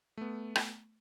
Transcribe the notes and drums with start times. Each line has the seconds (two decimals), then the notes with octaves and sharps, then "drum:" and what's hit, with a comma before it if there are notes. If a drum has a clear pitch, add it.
0.17 A3 B3
0.56 drum: rim click